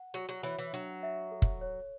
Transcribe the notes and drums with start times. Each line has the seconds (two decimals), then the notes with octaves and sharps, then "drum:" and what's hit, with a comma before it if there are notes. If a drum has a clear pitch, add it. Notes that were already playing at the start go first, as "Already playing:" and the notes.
Already playing: F#5
0.14 F#3 F#4
0.29 F#3
0.43 E3 C#5
0.59 E3
0.73 F#3 D4
1.03 E5
1.32 A4
1.42 drum: kick
1.61 C#5